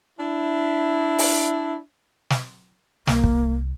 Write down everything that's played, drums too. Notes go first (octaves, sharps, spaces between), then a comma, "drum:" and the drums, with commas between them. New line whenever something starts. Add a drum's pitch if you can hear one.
D4 E4
drum: open hi-hat
drum: snare
C2 A#3, drum: snare
drum: kick